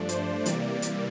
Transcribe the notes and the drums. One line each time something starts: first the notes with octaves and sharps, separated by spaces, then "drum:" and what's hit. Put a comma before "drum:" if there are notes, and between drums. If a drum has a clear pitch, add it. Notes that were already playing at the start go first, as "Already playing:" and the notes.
Already playing: G2 F3 A3 D4 D5
C5, drum: hi-hat
C3 E3 G3 A#3 D5, drum: hi-hat
drum: hi-hat